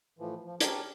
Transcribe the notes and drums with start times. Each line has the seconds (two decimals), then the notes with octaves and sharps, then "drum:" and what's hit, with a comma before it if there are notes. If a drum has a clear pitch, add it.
0.19 A2 E3 F3
0.44 F3
0.60 C#4 D4 G4 A#4 D5, drum: hi-hat